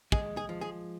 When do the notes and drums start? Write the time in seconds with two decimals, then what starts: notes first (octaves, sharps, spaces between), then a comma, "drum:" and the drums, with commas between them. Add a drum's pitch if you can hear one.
0.12 G#3 G#4, drum: kick
0.37 G#4
0.49 F3
0.61 G#4